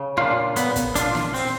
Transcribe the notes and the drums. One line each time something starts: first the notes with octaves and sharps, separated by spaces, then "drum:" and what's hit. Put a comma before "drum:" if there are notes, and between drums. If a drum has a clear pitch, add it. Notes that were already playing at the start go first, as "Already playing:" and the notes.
Already playing: C#3
A#2 D4 F4
A#2 B3, drum: hi-hat
drum: kick, hi-hat
D4 F4, drum: hi-hat
drum: snare
C4, drum: open hi-hat